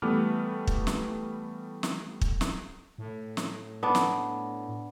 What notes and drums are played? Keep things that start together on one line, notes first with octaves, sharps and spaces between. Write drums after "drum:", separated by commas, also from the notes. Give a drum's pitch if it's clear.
E3 G3 A3 B3 D6 F6
drum: kick
drum: snare
drum: snare
drum: kick
drum: snare
A2
drum: snare
B3 D4
drum: snare